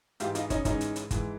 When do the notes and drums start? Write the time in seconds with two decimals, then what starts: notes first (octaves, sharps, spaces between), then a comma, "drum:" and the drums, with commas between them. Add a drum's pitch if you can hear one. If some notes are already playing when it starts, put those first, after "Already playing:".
0.20 G#2 E3 G#3 F4 G4, drum: hi-hat
0.35 D#4 F4, drum: hi-hat
0.50 C#4 D#4, drum: kick, hi-hat
0.65 G#2 E3 G#3 C#4 D#4, drum: kick, hi-hat
0.81 drum: hi-hat
0.96 drum: hi-hat
1.11 G#2 E3 G#3, drum: kick, hi-hat